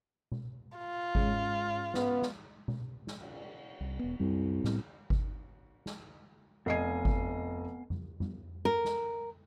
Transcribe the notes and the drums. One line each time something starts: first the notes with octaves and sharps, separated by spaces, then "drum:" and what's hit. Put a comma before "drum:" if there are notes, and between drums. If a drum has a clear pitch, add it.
drum: tom B2
F4
G#2 G#3 C#4, drum: kick G1
B3, drum: snare
drum: snare
drum: tom B2
drum: snare
drum: cymbal
C2
E1 B3
C2 F#2 G3
A2 G3 B3, drum: snare
drum: kick G1
drum: snare
F1 B3 D#5 F5 G#5 C7
drum: kick G1
drum: tom F2
drum: tom F2
A#4
drum: snare